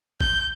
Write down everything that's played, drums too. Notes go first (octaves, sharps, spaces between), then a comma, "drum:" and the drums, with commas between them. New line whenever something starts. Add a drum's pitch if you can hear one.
G6, drum: kick